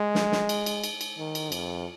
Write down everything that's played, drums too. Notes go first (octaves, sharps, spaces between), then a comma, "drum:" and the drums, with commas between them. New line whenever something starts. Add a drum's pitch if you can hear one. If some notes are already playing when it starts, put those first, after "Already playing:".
Already playing: G#3
drum: snare
drum: snare
drum: cymbal
drum: cymbal
drum: cymbal
drum: cymbal
D#3
drum: cymbal
F2, drum: cymbal